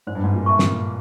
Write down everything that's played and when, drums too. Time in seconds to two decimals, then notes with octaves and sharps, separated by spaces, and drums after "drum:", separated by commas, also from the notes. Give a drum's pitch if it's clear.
0.07 G#2 C5
0.15 G2
0.24 G#2
0.34 A#2
0.46 E5 A5 C#6
0.59 A#2, drum: snare
0.85 G#4